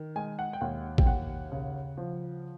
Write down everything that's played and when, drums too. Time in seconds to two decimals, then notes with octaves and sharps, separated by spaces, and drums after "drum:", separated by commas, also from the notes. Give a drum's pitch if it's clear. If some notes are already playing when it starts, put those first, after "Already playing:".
Already playing: D#3
0.16 G#3 G#5
0.39 F#5
0.53 G5
0.61 D#2 F#5
0.98 G5, drum: kick A1
1.06 D#2 F#5
1.52 C#3
1.98 F3